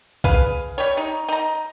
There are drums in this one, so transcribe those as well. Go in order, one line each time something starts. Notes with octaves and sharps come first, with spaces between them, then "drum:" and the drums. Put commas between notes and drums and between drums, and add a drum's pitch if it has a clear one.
G#4 B4 F5, drum: kick B1
G3 C#5
D#4
D#4 A#5